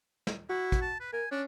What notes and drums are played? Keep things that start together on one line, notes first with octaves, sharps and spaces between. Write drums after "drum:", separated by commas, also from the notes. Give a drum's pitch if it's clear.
drum: snare
E4 F#4
drum: kick, hi-hat
A5
B4
A#4 G#5
C#4 D4